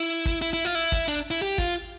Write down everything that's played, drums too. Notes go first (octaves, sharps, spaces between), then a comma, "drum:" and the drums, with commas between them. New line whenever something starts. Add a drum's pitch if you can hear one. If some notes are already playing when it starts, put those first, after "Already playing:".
Already playing: E4
drum: kick
E4
E4
F4
E4
drum: kick
D4
E4
G4
F4, drum: kick